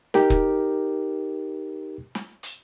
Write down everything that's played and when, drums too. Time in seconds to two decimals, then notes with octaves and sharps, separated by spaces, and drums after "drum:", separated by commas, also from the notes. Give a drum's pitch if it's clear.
0.14 D#4 G4 A#4, drum: snare
0.30 drum: kick
2.15 drum: snare
2.43 drum: hi-hat